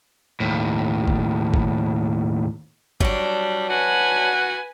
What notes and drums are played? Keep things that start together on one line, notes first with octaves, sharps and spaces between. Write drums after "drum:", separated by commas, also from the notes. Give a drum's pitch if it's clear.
D#2 A2
drum: kick G1
drum: kick G1
F#3 G3 D4, drum: kick G1
F#4 B4 F#5 G#5